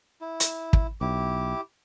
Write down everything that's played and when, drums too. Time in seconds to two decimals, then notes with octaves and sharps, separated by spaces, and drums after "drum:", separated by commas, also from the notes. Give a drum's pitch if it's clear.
0.21 E4
0.40 drum: hi-hat
0.73 drum: kick
1.01 B1 E4 G4 D6